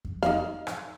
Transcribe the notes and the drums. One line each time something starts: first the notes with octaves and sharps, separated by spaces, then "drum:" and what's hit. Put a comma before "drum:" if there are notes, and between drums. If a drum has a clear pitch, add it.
drum: kick F2
D#4 F5, drum: snare B3
drum: rim click